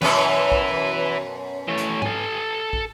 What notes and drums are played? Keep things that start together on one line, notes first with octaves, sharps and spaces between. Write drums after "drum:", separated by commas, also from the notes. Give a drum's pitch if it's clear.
F#2 B2 C#4 B4 E5, drum: tom E3
drum: kick
E3 A3
drum: hi-hat
A4 G#5, drum: tom G#2
drum: kick